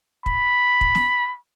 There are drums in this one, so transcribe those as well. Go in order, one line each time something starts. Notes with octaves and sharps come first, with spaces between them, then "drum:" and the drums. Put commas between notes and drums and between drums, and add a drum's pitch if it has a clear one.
B5, drum: kick
drum: kick
drum: snare